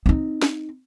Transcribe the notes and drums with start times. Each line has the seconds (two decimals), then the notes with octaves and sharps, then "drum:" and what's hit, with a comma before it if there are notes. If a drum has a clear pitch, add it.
0.06 C4 D#4
0.42 drum: snare